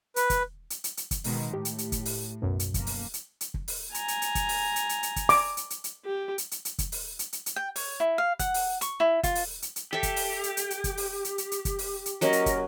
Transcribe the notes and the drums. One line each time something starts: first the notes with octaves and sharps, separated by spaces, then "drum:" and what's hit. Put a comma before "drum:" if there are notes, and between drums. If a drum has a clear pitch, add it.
B4, drum: hi-hat
drum: kick, hi-hat
drum: hi-hat
drum: hi-hat
drum: hi-hat
drum: kick, hi-hat
B2 D#3 G#3, drum: open hi-hat
A2 G4
drum: hi-hat
drum: hi-hat
drum: kick, hi-hat
drum: open hi-hat
B1 F#2
drum: hi-hat
F3 A#3, drum: kick, hi-hat
drum: open hi-hat
drum: hi-hat
drum: hi-hat
drum: kick
drum: open hi-hat
G#5 A#5, drum: hi-hat
drum: hi-hat
drum: hi-hat
drum: kick, hi-hat
drum: open hi-hat
drum: hi-hat
drum: hi-hat
drum: hi-hat
drum: kick, hi-hat
D6, drum: open hi-hat
drum: hi-hat
drum: hi-hat
drum: hi-hat
G4
drum: hi-hat
drum: hi-hat
drum: hi-hat
drum: kick, hi-hat
drum: open hi-hat
drum: hi-hat
drum: hi-hat
drum: hi-hat
G5
C#5, drum: open hi-hat
E4
F5
F#5, drum: kick, hi-hat
drum: open hi-hat
C#6, drum: hi-hat
E4
F4, drum: kick, hi-hat
drum: open hi-hat
drum: hi-hat
drum: hi-hat
G4 A4 E5
drum: kick, hi-hat
drum: open hi-hat
drum: hi-hat
drum: hi-hat
drum: hi-hat
drum: kick, hi-hat
drum: open hi-hat
drum: hi-hat
drum: hi-hat
drum: hi-hat
drum: kick, hi-hat
drum: open hi-hat
drum: hi-hat
F#3 A#3 C#4 A#4 D#5, drum: hi-hat
drum: hi-hat
drum: kick, hi-hat